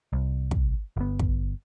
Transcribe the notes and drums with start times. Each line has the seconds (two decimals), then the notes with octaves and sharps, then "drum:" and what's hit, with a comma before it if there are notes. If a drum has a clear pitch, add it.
0.13 C2
0.51 drum: kick
0.97 G1 B3
1.19 drum: kick